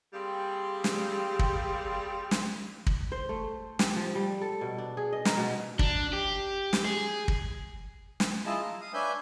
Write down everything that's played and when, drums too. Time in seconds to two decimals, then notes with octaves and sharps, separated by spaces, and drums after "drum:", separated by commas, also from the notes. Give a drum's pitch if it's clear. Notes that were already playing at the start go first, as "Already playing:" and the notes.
0.14 G3 A#3 C4 G4 G#4
0.84 drum: snare
1.39 drum: kick
2.31 drum: snare
2.87 drum: kick
3.12 C5
3.29 A3
3.79 G4, drum: snare
3.96 F3
4.15 G3
4.42 A4
4.61 B2
4.78 D4
4.97 G#4
5.13 D#5
5.25 A#4, drum: snare
5.37 B2
5.79 D4, drum: kick
6.13 G4
6.73 drum: snare
6.85 G#4
7.28 drum: kick
8.20 drum: snare
8.46 E4 F4 G#4 D#5 A5
8.62 A#5
8.81 F5 D#6
8.94 D4 B4 C#5 E5 G#5 G6